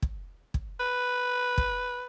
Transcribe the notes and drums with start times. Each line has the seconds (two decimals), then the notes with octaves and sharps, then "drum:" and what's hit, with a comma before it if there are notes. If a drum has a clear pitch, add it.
0.02 drum: kick
0.54 drum: kick
0.80 B4
1.58 drum: kick